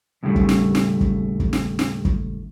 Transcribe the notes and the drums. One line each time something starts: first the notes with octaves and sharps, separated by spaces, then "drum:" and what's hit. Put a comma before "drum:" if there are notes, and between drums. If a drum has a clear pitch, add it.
D#2 A2 C#3 F#3 G3 A3
drum: kick
drum: snare
drum: snare
drum: kick
drum: kick
drum: snare
drum: snare
drum: kick